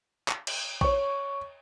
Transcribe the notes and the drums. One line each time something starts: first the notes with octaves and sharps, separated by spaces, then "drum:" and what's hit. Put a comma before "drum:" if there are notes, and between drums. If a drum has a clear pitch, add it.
drum: clap
drum: cymbal
C#5 C#6, drum: kick A#1